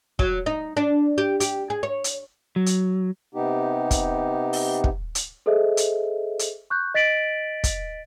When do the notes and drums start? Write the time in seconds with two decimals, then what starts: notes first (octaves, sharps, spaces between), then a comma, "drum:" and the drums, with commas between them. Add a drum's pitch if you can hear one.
0.19 F#3, drum: kick
0.46 D#4
0.77 D4
1.18 G4
1.40 G4, drum: hi-hat
1.70 G#4
1.83 C#5
2.04 drum: hi-hat
2.56 F#3
2.66 drum: hi-hat
3.35 C3 B3 D#4 G4
3.91 drum: kick, hi-hat
4.53 drum: open hi-hat
4.84 drum: kick
5.15 drum: hi-hat
5.46 G#4 A4 C5 D#5 E5
5.77 drum: hi-hat
6.39 drum: hi-hat
6.70 C#6 F#6 G6
6.94 D#5 A6 B6 D7 F#7
7.64 drum: kick, hi-hat